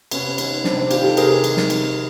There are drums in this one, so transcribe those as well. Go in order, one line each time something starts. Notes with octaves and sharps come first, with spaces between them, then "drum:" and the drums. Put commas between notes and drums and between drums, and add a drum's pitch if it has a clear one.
C3 B3 C#4, drum: cymbal
D#3, drum: cymbal
C3 C4 D4, drum: snare
C4 D4
D#3 F4 G4, drum: cymbal
G4 A4
C3 G#4 A#4, drum: cymbal
D#3, drum: cymbal
drum: snare
C3, drum: cymbal